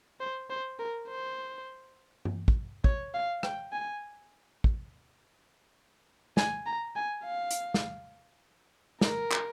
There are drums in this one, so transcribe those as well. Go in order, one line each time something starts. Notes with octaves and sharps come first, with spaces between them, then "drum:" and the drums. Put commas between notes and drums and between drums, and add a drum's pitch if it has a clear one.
C5
C5
A#4
C5
drum: tom G2
drum: kick
C#5, drum: kick
F5
G5, drum: rim click
G#5
drum: kick
G#5, drum: snare
A#5
G#5
F5
drum: hi-hat
drum: snare
A#4, drum: snare
drum: clap